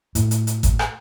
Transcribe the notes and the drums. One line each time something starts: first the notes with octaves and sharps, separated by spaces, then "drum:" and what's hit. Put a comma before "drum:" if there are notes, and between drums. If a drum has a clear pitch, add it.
A2, drum: hi-hat
drum: hi-hat
drum: hi-hat
drum: kick, hi-hat
drum: rim click